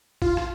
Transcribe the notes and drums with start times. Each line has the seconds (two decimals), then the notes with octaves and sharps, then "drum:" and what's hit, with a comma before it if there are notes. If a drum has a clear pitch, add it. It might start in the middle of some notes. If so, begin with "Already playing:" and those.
0.22 F4, drum: kick G#1
0.37 drum: rim click